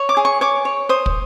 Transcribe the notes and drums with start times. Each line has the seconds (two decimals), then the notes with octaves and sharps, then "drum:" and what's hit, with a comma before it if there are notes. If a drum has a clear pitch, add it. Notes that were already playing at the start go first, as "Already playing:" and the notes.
Already playing: C#5
0.09 D6
0.17 G#4
0.25 C#6
0.41 C#5 D6
0.65 C#5
0.89 C5 D#6
1.06 drum: kick